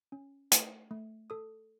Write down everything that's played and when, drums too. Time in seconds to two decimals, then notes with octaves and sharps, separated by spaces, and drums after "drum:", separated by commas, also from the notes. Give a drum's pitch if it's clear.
0.12 C#4
0.52 A3, drum: hi-hat
0.91 A3
1.30 A4 D#6